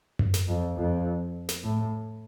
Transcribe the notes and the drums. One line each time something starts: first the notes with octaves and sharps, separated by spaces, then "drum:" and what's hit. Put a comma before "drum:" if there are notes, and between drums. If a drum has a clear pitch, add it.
drum: tom F#2
drum: snare
F2
F2
drum: snare
A2